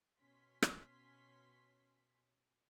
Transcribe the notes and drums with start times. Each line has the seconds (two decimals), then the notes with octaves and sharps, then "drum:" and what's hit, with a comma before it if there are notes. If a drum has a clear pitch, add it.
0.19 B2 C#4 C6 B6
0.62 drum: rim click